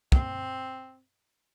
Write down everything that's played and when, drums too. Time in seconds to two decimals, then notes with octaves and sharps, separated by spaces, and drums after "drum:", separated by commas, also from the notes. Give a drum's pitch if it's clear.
0.12 C4, drum: kick